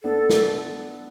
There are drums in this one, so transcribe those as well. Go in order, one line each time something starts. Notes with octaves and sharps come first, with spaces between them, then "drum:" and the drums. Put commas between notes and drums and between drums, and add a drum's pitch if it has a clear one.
B3 D4 A4
drum: snare